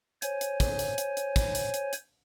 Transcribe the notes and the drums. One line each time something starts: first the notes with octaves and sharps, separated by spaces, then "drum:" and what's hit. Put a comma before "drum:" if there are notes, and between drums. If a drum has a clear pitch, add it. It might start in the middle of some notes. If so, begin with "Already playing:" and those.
C5 C#5 G#5, drum: hi-hat
drum: hi-hat
drum: kick, hi-hat
drum: hi-hat
drum: hi-hat
drum: hi-hat
drum: kick, hi-hat
drum: hi-hat
drum: hi-hat
drum: hi-hat